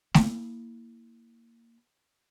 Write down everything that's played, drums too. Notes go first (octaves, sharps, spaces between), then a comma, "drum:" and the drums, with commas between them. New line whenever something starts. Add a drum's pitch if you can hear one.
A#3 E4, drum: snare A3